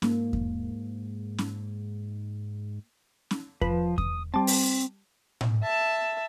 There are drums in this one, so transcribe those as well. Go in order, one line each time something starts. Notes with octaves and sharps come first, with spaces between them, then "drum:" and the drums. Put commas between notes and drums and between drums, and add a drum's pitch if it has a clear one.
G#2 A#3, drum: snare C#4
drum: kick E2
drum: snare C#4
drum: snare C#4
F3 B4, drum: kick E2
D#6, drum: kick E2
G3 C4 A5
drum: open hi-hat
drum: tom A2
E5 A5